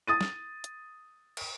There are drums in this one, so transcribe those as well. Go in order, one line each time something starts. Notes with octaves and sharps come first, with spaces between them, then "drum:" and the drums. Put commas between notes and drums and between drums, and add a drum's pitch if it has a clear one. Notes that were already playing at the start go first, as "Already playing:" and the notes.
D#6 A6 D#7
drum: snare
drum: hi-hat
drum: cymbal